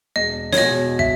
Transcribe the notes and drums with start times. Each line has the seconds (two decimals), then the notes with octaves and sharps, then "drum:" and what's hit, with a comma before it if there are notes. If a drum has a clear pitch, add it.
0.16 E1 D#5
0.53 C#5, drum: snare
0.57 E2 B2 D#5
0.99 E5, drum: kick